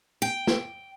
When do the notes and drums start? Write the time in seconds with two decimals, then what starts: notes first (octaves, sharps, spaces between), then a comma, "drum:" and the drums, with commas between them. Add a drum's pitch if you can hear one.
0.22 G5
0.47 drum: snare